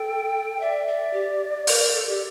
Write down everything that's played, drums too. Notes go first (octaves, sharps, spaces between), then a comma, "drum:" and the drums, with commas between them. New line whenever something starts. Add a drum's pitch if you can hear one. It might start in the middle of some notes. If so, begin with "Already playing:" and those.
Already playing: A4 G5
D5 E5
E5
G4
A#4, drum: open hi-hat
A4
G4